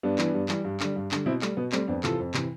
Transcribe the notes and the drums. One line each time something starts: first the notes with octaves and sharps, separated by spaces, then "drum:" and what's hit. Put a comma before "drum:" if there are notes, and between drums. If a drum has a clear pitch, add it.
G2 B3 D4
E3 G3, drum: clap
G2
E3 G3, drum: clap
G2
D3 G3, drum: clap
G2
D3 G3, drum: clap
B2 C4 E4
G3 A3, drum: clap
B2 B3
G3 A3 C4, drum: clap
F2 B3 D4
C3 E3 F4 A4, drum: clap
F2
C3 E3, drum: clap